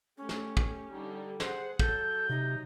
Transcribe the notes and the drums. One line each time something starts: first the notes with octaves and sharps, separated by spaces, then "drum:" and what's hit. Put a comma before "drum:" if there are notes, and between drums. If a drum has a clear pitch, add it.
A3 C#4 G4
drum: snare
drum: kick
D3 G3 D#4
G#4 C5 F#5, drum: snare
F#3 A4 G6, drum: kick
C3 D#4